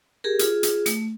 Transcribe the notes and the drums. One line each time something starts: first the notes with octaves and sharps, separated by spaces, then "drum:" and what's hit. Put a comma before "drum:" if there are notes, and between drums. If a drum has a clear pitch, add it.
G4 G#4 A#4
F4 G#4, drum: hi-hat
drum: hi-hat
A3, drum: hi-hat